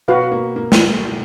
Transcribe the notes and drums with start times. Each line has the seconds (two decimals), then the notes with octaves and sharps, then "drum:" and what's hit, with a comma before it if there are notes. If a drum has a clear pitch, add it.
0.08 B2 F#4 B4 F5
0.31 A#3
0.56 A#3
0.72 drum: snare